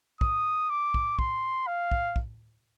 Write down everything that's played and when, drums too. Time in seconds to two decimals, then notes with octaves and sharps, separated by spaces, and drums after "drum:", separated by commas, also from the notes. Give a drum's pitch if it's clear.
0.21 D#6, drum: kick
0.70 D6
0.94 drum: kick
1.19 C6, drum: kick
1.67 F5
1.91 drum: kick
2.16 drum: kick